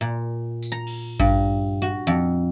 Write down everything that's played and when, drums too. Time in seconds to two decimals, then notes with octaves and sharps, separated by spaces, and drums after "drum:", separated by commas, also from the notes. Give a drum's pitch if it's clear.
0.01 A#2
0.63 drum: tambourine
0.72 A#5
0.87 drum: cymbal
1.19 G2, drum: kick A1
1.82 F#4
2.07 F2, drum: hi-hat